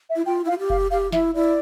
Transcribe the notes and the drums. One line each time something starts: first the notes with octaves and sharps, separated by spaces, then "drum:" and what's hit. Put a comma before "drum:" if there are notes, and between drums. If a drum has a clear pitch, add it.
E5
E4
F4 G5
E4
F5
F4
G4
F5, drum: kick F1
G4 F5
E4 E5, drum: snare
E4 D5